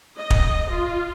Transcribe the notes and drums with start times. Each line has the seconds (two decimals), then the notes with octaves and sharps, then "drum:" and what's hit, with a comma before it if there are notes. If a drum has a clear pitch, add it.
0.17 D#5
0.30 drum: kick
0.70 F4